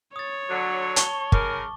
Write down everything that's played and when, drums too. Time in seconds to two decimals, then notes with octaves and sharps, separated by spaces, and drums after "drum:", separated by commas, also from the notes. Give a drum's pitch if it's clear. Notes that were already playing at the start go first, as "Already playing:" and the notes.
0.16 C#5 D#6 A6
0.50 D3 F#3
0.96 A5 C#6 G7, drum: hi-hat
1.32 C#3 A#4 D6, drum: kick